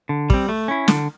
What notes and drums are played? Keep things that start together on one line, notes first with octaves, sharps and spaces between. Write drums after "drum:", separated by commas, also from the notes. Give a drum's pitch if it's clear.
D3
G3 C4, drum: kick
A3
C#4 E4
D3, drum: snare